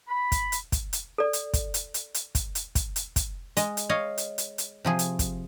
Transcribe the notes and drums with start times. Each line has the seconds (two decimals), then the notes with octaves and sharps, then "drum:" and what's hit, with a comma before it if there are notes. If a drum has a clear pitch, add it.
0.08 B5
0.32 drum: kick, hi-hat
0.52 drum: hi-hat
0.72 drum: kick, hi-hat
0.93 drum: hi-hat
1.18 A4 D5
1.33 drum: hi-hat
1.54 drum: kick, hi-hat
1.74 drum: hi-hat
1.94 drum: hi-hat
2.14 drum: hi-hat
2.35 drum: kick, hi-hat
2.55 drum: hi-hat
2.75 drum: kick, hi-hat
2.96 drum: hi-hat
3.16 drum: kick, hi-hat
3.57 G#3 D#5, drum: hi-hat
3.77 drum: hi-hat
3.89 C#5 D#5 F5
4.18 drum: hi-hat
4.38 drum: hi-hat
4.58 drum: hi-hat
4.85 C3 F3 G#4
4.99 drum: hi-hat
5.19 drum: kick, hi-hat